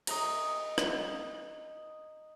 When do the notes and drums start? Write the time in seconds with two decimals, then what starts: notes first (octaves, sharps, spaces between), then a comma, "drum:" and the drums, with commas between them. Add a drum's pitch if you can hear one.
0.07 D#5 A#5, drum: cymbal
0.78 drum: rim click